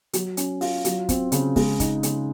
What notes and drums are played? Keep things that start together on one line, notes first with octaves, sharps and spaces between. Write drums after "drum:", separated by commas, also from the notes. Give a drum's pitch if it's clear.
F#3, drum: hi-hat
C#4, drum: hi-hat
F4, drum: open hi-hat
F#3, drum: hi-hat
C4, drum: kick, hi-hat
C#3, drum: hi-hat
G#3, drum: kick, open hi-hat
D#4, drum: kick, hi-hat
C#3, drum: hi-hat